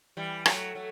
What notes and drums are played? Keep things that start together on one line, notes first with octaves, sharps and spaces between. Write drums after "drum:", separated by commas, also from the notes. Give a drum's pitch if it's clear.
E3 G3
F#3 A3, drum: rim click
F#3 A3